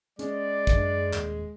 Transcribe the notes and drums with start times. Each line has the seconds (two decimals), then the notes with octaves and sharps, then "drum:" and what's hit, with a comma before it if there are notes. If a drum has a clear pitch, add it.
0.19 G#3 C#4 D5, drum: hi-hat
0.67 F#2 D4, drum: kick A1, hi-hat
1.13 D#1 D#2, drum: clap